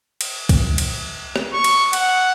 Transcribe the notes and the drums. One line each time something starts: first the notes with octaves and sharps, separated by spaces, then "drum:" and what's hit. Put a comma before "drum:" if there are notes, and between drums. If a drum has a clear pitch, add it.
drum: cymbal
drum: kick C2, cymbal
drum: cymbal
drum: rim click
C#6
drum: cymbal
F#5, drum: cymbal